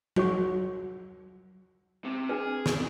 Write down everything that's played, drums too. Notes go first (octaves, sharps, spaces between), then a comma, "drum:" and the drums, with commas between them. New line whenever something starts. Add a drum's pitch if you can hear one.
F#4 C#5 C#6, drum: tom F#3
C3
D4 G#4 B4
drum: snare